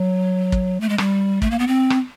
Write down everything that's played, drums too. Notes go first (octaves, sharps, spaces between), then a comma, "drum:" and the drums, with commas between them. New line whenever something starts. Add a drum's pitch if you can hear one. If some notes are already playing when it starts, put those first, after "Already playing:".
Already playing: F#3
drum: kick
A3
G#3
G3, drum: rim click
A3, drum: kick
A#3
B3
C4
drum: rim click